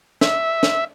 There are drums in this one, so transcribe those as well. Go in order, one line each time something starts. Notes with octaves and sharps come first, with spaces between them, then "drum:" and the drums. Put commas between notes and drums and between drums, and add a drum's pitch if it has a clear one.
E5, drum: snare
drum: snare